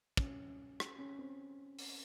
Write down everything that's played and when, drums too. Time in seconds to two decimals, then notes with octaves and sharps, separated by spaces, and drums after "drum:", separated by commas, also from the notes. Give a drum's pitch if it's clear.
0.17 C#4, drum: kick
0.80 drum: rim click
0.98 C#4
1.18 C4
1.79 drum: open hi-hat